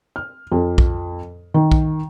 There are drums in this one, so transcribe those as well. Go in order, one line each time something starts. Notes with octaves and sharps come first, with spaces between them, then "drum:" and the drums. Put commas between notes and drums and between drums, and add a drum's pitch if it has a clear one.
F6
F2
drum: kick B1
D#3
drum: kick B1